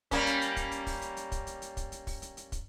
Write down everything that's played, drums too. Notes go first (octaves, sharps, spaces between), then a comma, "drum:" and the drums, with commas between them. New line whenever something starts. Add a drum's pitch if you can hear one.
G3 A#3 C#4, drum: kick, hi-hat
drum: hi-hat
drum: hi-hat
drum: kick, hi-hat
drum: hi-hat
drum: kick, open hi-hat
drum: hi-hat
drum: hi-hat
drum: kick, hi-hat
drum: hi-hat
drum: hi-hat
drum: kick, hi-hat
drum: hi-hat
drum: kick, open hi-hat
drum: hi-hat
drum: hi-hat
drum: kick, hi-hat